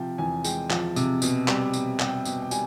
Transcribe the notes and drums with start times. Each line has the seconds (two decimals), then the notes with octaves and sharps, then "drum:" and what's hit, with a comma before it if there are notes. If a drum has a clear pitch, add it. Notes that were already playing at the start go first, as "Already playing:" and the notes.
Already playing: C3 F3 G5
0.18 E2 G#5
0.44 G#3 G5, drum: tambourine
0.70 F3, drum: clap
0.96 C3, drum: tambourine
1.22 B2, drum: tambourine
1.48 G3, drum: clap
1.74 B2, drum: tambourine
2.00 G3 G5, drum: clap
2.25 B2 G5, drum: tambourine
2.42 G5
2.51 G3 G#5, drum: tambourine